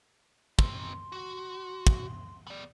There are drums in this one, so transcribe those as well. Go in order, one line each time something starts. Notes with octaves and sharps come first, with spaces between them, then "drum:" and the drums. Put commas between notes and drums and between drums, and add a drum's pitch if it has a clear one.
D#3 C4 C6, drum: kick
F#4
drum: kick
B3 D5